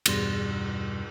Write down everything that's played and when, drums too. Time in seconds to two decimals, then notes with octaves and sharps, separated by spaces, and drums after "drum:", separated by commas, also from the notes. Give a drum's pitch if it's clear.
0.06 E2 G2 B2 G3 C6 A#6, drum: cymbal